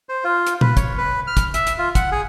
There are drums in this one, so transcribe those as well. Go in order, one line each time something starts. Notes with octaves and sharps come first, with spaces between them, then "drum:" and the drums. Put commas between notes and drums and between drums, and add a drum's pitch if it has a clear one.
C5
F4
drum: hi-hat
B4, drum: tom A#2
C#5, drum: kick, hi-hat
B4
F6
drum: kick, hi-hat
E5, drum: hi-hat
drum: hi-hat
F4
F#5, drum: kick, hi-hat
G#4